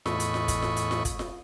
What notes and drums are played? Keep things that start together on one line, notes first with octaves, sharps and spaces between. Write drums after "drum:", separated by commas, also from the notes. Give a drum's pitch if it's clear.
E2 A2 D#5 B5 C#6, drum: snare F4
drum: hi-hat
drum: snare F4
drum: kick, hi-hat
drum: snare F4
drum: hi-hat
drum: snare F4
drum: kick, hi-hat
drum: snare F4